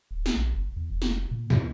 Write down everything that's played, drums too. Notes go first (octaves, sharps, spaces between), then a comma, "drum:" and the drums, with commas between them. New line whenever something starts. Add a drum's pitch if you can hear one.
D1
drum: snare
A#1
F#1
E2
F1
drum: snare
A#2
E2, drum: tom